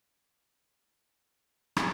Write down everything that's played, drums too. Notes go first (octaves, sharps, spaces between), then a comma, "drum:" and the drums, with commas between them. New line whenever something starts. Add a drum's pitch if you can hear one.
B1 E2
drum: rim click